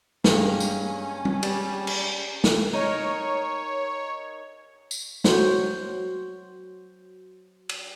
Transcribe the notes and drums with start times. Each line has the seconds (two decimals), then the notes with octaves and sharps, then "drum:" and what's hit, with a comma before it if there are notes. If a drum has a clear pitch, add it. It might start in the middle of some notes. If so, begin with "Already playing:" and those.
0.24 G2 G#3 A#3 C#4, drum: snare
0.60 drum: tambourine
1.25 drum: tom G3
1.43 G3, drum: cymbal
1.87 drum: cymbal
2.44 drum: snare
2.73 D#4 A#4 C#5
4.91 drum: tambourine
5.24 F#3 F#4 C5, drum: snare
7.69 drum: cymbal